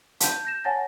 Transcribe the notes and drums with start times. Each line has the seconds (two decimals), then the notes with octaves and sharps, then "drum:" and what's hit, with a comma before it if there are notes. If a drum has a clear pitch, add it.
0.20 A5 G6, drum: hi-hat
0.45 G6 A#6 E7
0.64 C#5 F#5 G#5 A5 A6 A#6